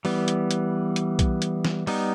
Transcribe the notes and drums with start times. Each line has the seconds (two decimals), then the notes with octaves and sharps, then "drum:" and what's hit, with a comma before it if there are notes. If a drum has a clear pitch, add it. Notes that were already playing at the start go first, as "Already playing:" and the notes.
0.05 E3 G3 B3, drum: open hi-hat
0.28 drum: hi-hat
0.51 drum: hi-hat
0.96 drum: hi-hat
1.19 drum: kick B1, hi-hat
1.42 drum: hi-hat
1.65 drum: snare
1.87 G3 B3 D#4, drum: open hi-hat